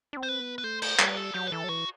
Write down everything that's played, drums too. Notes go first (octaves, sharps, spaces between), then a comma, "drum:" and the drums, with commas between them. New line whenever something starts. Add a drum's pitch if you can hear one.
D4
C4
C5
B4
B3
B4
A3 C5
C5, drum: cymbal
G3 B4, drum: clap
A4
F#3 G4
B4
E3 A4
F#3
E3 F#4